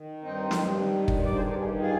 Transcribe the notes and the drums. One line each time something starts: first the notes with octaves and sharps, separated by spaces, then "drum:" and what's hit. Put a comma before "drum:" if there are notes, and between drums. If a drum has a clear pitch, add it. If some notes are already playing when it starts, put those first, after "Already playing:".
Already playing: D#3
G2 C4 D#4
G2, drum: snare
D#3
G2, drum: kick
D5
G2 G#4 C5
A#4 D5
G#4
D#3 D#4 G4
F4 G#4